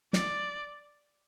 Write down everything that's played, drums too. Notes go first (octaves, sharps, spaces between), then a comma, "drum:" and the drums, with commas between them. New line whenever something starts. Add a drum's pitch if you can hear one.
D5, drum: snare